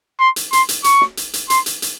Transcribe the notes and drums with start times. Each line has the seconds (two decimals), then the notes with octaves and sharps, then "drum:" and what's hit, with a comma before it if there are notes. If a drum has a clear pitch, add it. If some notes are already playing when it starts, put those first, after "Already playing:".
0.20 C6
0.36 drum: hi-hat
0.53 C6, drum: hi-hat
0.69 drum: hi-hat
0.84 C#6, drum: hi-hat
1.01 drum: snare
1.17 drum: hi-hat
1.33 drum: hi-hat
1.50 C6, drum: hi-hat
1.66 drum: hi-hat
1.82 drum: hi-hat